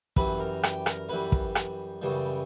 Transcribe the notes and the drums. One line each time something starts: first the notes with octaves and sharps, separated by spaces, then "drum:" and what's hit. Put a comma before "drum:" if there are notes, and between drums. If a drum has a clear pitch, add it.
F#2 E3 G3 B4 B5, drum: kick
A#4 A#5
G4 G5, drum: rim click
A#4 A#5, drum: rim click
F#2 E3 G3 B4 B5
drum: kick
drum: rim click
F#2 C#3 E3 G3